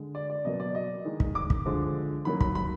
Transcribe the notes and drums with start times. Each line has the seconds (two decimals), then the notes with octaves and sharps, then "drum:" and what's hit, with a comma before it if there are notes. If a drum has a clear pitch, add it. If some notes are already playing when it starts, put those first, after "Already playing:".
Already playing: D3 G#3
0.15 D5
0.30 D5
0.45 B2 F#3 A#3 D#5
0.60 D5
0.75 D#5
1.05 D#3 G#3
1.20 drum: kick
1.35 D6
1.50 drum: kick
1.66 D3 F3 G#3
2.25 D#3 F#3 A#3 B5
2.41 B5, drum: kick
2.55 B5